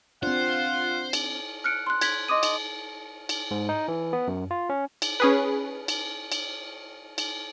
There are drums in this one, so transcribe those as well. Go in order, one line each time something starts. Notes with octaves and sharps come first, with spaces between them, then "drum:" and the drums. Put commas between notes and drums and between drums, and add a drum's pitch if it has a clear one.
C4 D4 F4 C5 F#5
drum: cymbal
F6 F#6 C#7 D7
C6 F#6
G#6 B6, drum: cymbal
D#5 C6 D6 D#6 D#7
drum: cymbal
drum: cymbal
G#2
D#4
E3
B3
F#2
F4
C#4
drum: cymbal
C#4 G#4 B4
drum: cymbal
drum: cymbal
drum: cymbal